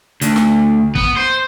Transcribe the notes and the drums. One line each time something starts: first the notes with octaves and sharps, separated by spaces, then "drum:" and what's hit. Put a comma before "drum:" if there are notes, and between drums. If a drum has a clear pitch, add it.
D2, drum: hi-hat
drum: snare
B3, drum: kick
C5